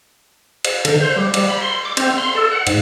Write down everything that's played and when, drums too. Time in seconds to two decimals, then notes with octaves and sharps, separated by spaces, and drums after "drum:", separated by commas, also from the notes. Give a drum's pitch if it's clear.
0.65 drum: cymbal
0.85 D3, drum: cymbal
1.00 C5
1.16 G3
1.34 G3, drum: cymbal
1.48 B5
1.61 C6
1.85 D6
1.97 C4, drum: cymbal
2.18 C6
2.35 A4
2.51 F#5
2.67 G#2, drum: cymbal